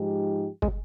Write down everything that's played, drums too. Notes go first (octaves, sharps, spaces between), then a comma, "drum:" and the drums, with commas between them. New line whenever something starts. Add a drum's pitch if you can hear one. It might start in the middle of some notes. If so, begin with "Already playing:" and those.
Already playing: G#2 F3 G#3 D#4 G4
G#3, drum: kick